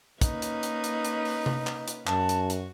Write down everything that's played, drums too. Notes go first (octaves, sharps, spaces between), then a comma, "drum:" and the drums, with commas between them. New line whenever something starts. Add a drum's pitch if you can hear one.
A#3 C#4 D#4 B4, drum: kick, hi-hat
drum: hi-hat
drum: hi-hat
drum: hi-hat
drum: hi-hat
drum: open hi-hat
drum: tom C3
drum: clap
drum: hi-hat
F#2 F#4 A5, drum: clap
drum: hi-hat
drum: hi-hat